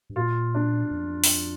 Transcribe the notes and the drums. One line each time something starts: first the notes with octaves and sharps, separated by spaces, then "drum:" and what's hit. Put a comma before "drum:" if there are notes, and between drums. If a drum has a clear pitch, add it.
G2
A#2 F4
D4
F2
drum: open hi-hat